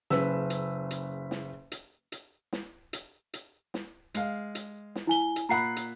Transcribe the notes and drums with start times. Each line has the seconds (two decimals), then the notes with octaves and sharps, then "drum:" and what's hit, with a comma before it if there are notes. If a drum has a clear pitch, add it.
0.10 F#1 C#3 B4 E6, drum: snare
0.50 drum: hi-hat
0.91 drum: hi-hat
1.31 drum: snare
1.72 drum: hi-hat
2.12 drum: hi-hat
2.53 drum: snare
2.93 drum: hi-hat
3.34 drum: hi-hat
3.74 drum: snare
4.15 G#3 F5, drum: hi-hat
4.55 drum: hi-hat
4.96 drum: snare
5.07 E4 G#5 G7
5.36 drum: hi-hat
5.49 A#2 F#5 A#5 B5 C7
5.76 drum: hi-hat